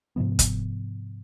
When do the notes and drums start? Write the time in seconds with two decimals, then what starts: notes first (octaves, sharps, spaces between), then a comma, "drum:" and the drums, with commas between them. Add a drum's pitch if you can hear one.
0.16 G#2 C3 F3 B3
0.39 drum: kick, hi-hat